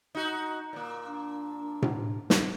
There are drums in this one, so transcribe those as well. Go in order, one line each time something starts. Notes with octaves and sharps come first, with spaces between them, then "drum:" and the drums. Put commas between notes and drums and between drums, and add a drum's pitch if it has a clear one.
D#4 F#4
A#2 A#3
D4
drum: tom A2
drum: snare